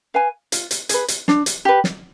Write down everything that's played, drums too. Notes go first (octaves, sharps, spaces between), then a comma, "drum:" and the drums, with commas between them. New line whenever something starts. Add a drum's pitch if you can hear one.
B4 F5 G#5
F4, drum: hi-hat
drum: hi-hat
G#4 B4, drum: hi-hat
drum: hi-hat
D4, drum: snare
drum: hi-hat
G4 B4
drum: snare